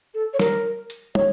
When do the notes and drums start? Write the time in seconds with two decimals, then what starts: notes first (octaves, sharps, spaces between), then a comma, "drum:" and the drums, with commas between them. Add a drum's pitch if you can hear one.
0.14 A4
0.34 C#5
0.39 A#4, drum: snare
0.90 drum: hi-hat
1.15 C#5, drum: tom